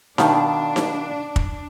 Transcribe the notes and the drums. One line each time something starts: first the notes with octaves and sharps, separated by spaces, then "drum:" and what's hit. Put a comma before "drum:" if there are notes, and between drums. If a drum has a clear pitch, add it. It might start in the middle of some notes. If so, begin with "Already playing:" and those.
B2 D#3 D4 F5 A5, drum: snare D#4
drum: snare D#4
drum: kick